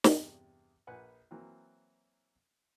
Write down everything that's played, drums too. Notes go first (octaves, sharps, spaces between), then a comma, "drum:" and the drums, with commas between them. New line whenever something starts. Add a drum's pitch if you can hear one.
E2 G2 C3 G#4, drum: snare
A#1 B4 F#5 G#5
E3 F#3 A#3 C4